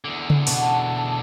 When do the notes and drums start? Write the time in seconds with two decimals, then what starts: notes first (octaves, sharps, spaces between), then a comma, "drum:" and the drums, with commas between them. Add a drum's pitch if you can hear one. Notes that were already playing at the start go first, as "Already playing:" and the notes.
0.05 E2 D3
0.30 drum: tom C#3
0.47 B2 B3 A5, drum: open hi-hat